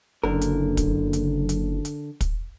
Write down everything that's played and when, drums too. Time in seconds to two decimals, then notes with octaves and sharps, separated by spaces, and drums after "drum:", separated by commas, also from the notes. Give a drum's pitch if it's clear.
0.24 F#1 D3 A#4
0.41 drum: hi-hat
0.77 drum: kick, hi-hat
1.13 drum: hi-hat
1.49 drum: hi-hat
1.85 drum: hi-hat
2.21 drum: kick, hi-hat